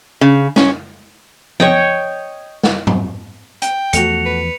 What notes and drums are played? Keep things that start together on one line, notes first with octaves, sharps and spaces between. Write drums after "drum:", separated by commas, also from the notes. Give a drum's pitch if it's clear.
C#3
C#4, drum: snare
C#5 D#5 G5, drum: tom F3
drum: snare
drum: tom
G5, drum: hi-hat
E2 F3 A3 F#4 C#7 F7, drum: hi-hat
B4